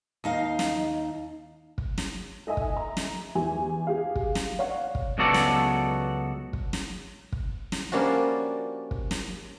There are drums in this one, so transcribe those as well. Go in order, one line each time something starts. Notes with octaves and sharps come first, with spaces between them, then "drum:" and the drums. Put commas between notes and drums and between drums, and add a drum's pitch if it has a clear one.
D#2 D#4 F5
drum: snare
drum: kick
drum: snare
A4 D#5 E5 G#5 D#6
drum: kick
E5 A#5
drum: snare
E2 E4 G4 G#5
G4 G#4 F5
drum: kick
drum: snare
C#5 D5 F5 F#5
drum: kick
C#2 F#3 B3 F#4 A4 D5
drum: snare
drum: kick
drum: snare
drum: kick
drum: snare
F3 G3 A#3 C#4 D4 F#4
drum: kick
drum: snare